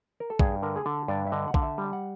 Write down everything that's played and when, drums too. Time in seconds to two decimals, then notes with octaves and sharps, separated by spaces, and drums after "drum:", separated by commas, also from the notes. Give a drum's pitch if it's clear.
0.20 A#4
0.30 A4
0.39 G2 G#4, drum: kick A#1
0.63 D3 A#4
0.76 G#4
0.86 D3 A4
1.08 G2 D5
1.27 E5
1.32 D3 D#5
1.48 F#5
1.54 D3 F5, drum: kick A#1
1.62 E5
1.78 G3
1.93 F#5